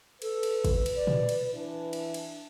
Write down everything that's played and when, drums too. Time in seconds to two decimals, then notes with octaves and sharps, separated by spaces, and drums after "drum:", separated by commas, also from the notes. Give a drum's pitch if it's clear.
0.22 A4 B4, drum: cymbal
0.43 drum: cymbal
0.65 drum: kick, cymbal
0.86 drum: cymbal
0.96 D5
1.07 drum: tom A#2
1.29 drum: cymbal
1.53 E3 D4
1.93 drum: cymbal
2.14 drum: cymbal